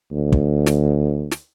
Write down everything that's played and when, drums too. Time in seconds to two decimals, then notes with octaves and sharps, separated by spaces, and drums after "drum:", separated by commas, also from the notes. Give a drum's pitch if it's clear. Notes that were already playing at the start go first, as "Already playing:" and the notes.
0.12 D2
0.32 drum: kick
0.66 drum: snare
1.31 drum: snare